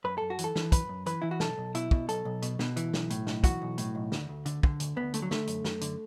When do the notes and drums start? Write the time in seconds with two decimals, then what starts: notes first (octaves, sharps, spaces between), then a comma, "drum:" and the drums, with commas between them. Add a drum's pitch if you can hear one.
0.04 F#2 B4
0.18 F#2 A4
0.30 F#4
0.38 E3, drum: hi-hat
0.44 A4
0.56 E3, drum: snare
0.72 F#2 B4, drum: kick, hi-hat
0.89 F#2
1.06 E3 B4, drum: hi-hat
1.22 E3 E4
1.31 F#4
1.40 B1 A4, drum: snare
1.58 B1
1.75 B2 E4, drum: hi-hat
1.91 B2, drum: kick
2.09 B1 A4, drum: hi-hat
2.25 B1
2.42 B2, drum: hi-hat
2.59 B2, drum: snare
2.76 E3, drum: hi-hat
2.94 B1, drum: snare
3.10 A2, drum: hi-hat
3.27 B1, drum: snare
3.44 E3 F#4, drum: kick, hi-hat
3.62 B1
3.78 A2, drum: hi-hat
3.95 B1
4.12 D2, drum: snare
4.29 D2
4.46 D3, drum: hi-hat
4.63 D3, drum: kick
4.80 D2, drum: hi-hat
4.96 D2 B3
5.14 D3 A3, drum: hi-hat
5.22 F#3
5.31 D3 A3, drum: snare
5.47 F#2, drum: hi-hat
5.65 F#2, drum: snare
5.81 D3, drum: hi-hat